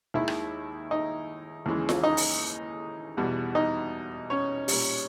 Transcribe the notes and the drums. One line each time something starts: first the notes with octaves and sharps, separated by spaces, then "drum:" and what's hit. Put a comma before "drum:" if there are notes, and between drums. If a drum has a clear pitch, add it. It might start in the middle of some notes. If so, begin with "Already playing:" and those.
D#2 D#3 G#3 E4 E5
drum: rim click
D#4 D#5
D#2 C#3 E3 G#3
drum: snare F4
D#4 D#5
drum: open hi-hat
E2 B2 G3
D#4 D#5
C#4 C#5
A#2 G3, drum: open hi-hat